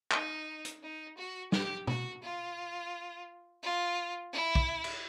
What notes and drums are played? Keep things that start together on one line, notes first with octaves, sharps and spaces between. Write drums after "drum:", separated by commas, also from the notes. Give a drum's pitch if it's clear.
D#4, drum: clap
drum: hi-hat
D#4
F#4
G4, drum: snare
F#4, drum: tom
F4
F4
E4
drum: kick
drum: cymbal